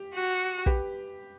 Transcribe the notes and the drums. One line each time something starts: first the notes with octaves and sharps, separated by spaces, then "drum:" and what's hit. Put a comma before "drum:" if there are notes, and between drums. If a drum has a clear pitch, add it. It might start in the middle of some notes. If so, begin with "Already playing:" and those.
Already playing: G4
F#4
G4 B4, drum: kick